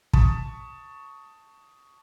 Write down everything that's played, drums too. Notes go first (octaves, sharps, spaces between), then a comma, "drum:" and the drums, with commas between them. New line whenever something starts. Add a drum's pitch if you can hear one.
A5 C#6 D#6 A6 B6, drum: kick